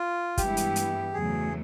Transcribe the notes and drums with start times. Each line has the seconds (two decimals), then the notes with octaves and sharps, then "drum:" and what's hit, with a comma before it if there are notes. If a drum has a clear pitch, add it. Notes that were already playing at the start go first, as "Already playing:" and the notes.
Already playing: F4
0.37 G2 E3 G#3 B3 E4 G4, drum: kick, hi-hat
0.57 drum: hi-hat
0.76 drum: hi-hat
1.13 E2 C#3 F#3 A3 G#4